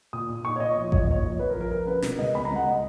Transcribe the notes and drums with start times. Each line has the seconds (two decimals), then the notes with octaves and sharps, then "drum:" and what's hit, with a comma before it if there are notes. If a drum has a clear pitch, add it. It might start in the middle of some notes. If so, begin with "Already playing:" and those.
0.13 A#2 D#6
0.29 A#2
0.45 D#4 C#6
0.56 C#5
0.60 A#2 D#5
0.77 F3
0.92 F3 C#5, drum: kick A1
1.02 D#5
1.08 A#3 C#5
1.24 F3
1.40 F3 B4
1.50 A#4
1.55 F3
1.61 A#4
1.71 F3 A#4
1.86 C#4 B4
2.02 B2, drum: snare
2.18 C#2 D#5
2.34 C#4 B5
2.45 A#5
2.50 C#2
2.56 F#5
2.66 D#5